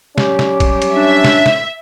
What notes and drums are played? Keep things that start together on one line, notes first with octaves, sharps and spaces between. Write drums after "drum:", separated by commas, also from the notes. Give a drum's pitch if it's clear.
F#3 G3 C#4 G4, drum: snare
drum: snare
drum: kick A#1, cymbal
drum: cymbal
D4 E5
drum: snare
drum: snare